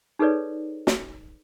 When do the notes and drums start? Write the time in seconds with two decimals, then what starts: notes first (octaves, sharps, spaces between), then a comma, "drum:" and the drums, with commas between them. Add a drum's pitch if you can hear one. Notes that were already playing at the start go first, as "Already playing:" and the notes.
0.19 D#4 G#4 A4 B4 C#5 D5
0.87 drum: snare